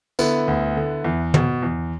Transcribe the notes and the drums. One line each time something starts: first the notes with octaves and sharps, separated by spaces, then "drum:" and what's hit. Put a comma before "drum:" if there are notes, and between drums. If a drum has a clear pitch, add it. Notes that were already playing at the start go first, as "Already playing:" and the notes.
D3 B3 E4, drum: tambourine
D2
D3
E2
B2, drum: tom
E2